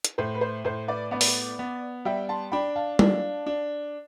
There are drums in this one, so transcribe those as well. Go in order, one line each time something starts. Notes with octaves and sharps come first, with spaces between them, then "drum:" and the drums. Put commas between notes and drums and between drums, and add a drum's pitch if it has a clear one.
drum: hi-hat
A2 C5
B4
C5
A2 C5
B4 D5
B3 B4 D5
drum: open hi-hat
B3
G3 E5 G5
A5 C6
D4 G5 B5
F5 A5
D4, drum: tom G3
D4